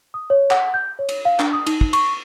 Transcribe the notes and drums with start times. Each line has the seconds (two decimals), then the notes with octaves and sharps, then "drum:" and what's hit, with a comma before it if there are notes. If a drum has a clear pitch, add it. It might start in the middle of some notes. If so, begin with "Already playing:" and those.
0.14 D#6
0.30 C#5
0.51 F#5, drum: clap
0.74 G6
0.99 C#5
1.09 drum: cymbal
1.25 F5
1.39 D4, drum: clap
1.53 D#6
1.67 D#4, drum: cymbal
1.81 drum: kick
1.93 C#6, drum: cymbal